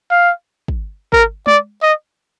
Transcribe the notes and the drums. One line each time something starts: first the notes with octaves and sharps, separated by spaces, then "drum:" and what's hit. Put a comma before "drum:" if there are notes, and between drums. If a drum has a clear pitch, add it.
F5
drum: kick
A#4, drum: kick
D5, drum: tom G#3
D#5